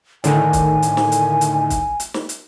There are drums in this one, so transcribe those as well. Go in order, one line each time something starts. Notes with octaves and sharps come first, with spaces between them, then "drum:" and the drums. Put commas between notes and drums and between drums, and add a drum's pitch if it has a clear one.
A2 D3 D#3 G#5, drum: hi-hat
drum: kick, hi-hat
drum: hi-hat
drum: snare
drum: hi-hat
drum: hi-hat
drum: kick, hi-hat
drum: hi-hat
drum: snare
drum: hi-hat